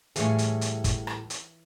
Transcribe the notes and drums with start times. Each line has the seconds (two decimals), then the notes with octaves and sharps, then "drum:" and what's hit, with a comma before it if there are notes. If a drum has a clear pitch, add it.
0.16 A2 E3 G3 F4 G#4 C#5, drum: hi-hat
0.38 drum: hi-hat
0.61 drum: hi-hat
0.84 drum: kick, hi-hat
1.07 drum: rim click
1.30 drum: hi-hat